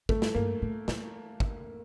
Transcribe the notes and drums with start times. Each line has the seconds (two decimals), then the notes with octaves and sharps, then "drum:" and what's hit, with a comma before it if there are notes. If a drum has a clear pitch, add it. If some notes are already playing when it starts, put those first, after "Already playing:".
0.09 G2 A3, drum: kick
0.22 drum: snare
0.35 G2 A#3
0.62 A2
0.88 A2, drum: snare
1.40 drum: kick